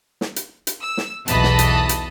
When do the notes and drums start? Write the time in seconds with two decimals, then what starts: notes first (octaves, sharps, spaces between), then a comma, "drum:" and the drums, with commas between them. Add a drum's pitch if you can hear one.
0.21 drum: snare
0.36 drum: hi-hat
0.67 drum: hi-hat
0.82 E6
0.97 drum: snare
1.28 B1 E2 E3 D#5 A5 B5, drum: hi-hat
1.43 drum: snare
1.59 drum: hi-hat
1.89 drum: hi-hat